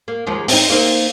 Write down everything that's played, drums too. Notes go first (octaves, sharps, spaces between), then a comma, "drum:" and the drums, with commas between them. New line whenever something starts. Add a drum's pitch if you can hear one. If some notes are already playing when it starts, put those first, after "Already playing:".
A#3
D#2 F3 G#3
C4 D#4, drum: open hi-hat
A#3 C4 D#4